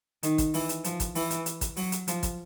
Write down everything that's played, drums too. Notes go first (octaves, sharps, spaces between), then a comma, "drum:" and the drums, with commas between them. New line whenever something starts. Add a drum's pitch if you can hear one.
D#3, drum: hi-hat
drum: kick, hi-hat
E3, drum: open hi-hat
drum: hi-hat
F3, drum: hi-hat
drum: kick, hi-hat
E3, drum: open hi-hat
drum: hi-hat
drum: hi-hat
drum: kick, hi-hat
F#3, drum: open hi-hat
drum: hi-hat
F3, drum: hi-hat
drum: kick, hi-hat